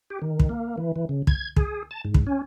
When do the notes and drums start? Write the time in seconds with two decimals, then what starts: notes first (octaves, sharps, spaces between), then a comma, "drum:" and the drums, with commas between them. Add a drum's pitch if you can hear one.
0.10 G4
0.22 D#3
0.40 drum: kick
0.49 A#3
0.78 E3
0.96 E3
1.09 C#3
1.27 G#6, drum: kick
1.56 G#4, drum: kick
1.91 A5
2.05 G#2
2.14 drum: kick
2.27 C#4